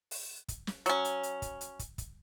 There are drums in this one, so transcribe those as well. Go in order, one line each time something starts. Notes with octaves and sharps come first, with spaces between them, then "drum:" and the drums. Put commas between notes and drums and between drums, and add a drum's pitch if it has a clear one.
drum: open hi-hat
drum: kick, hi-hat
drum: snare
F#3 C#4, drum: hi-hat
drum: hi-hat
drum: hi-hat
drum: kick, hi-hat
drum: hi-hat
drum: kick, hi-hat
drum: kick, hi-hat